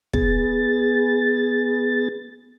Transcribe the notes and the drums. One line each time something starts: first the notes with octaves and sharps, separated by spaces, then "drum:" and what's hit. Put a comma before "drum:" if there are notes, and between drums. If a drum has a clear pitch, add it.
B3 G#4 A6, drum: kick